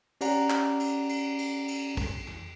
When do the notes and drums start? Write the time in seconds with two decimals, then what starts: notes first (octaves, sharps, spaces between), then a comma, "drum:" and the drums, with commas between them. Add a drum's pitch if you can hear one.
0.21 C#4 G4 D5 F#5 A#5, drum: cymbal
0.50 drum: clap
0.80 drum: cymbal
1.09 drum: cymbal
1.38 drum: cymbal
1.68 drum: cymbal
1.97 drum: kick, cymbal
2.27 drum: tom